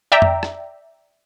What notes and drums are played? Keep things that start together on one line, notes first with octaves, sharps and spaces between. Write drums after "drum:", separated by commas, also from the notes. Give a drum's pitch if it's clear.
D5 E5 G5 A#5
drum: tom F2
drum: rim click